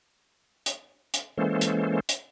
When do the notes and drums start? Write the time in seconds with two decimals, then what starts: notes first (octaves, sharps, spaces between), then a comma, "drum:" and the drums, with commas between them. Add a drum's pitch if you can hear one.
0.66 drum: hi-hat
1.14 drum: hi-hat
1.38 E3 G#3 A#3 C#4 A4 C5
1.61 drum: hi-hat
2.09 drum: hi-hat